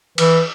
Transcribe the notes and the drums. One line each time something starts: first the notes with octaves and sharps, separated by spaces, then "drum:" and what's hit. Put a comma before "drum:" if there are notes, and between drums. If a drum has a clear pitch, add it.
E3, drum: cymbal